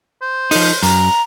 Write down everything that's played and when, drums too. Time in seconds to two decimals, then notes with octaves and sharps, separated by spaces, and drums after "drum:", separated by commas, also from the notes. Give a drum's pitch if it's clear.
0.22 C5
0.51 F3 D#4, drum: open hi-hat
0.83 F#2 A#5, drum: hi-hat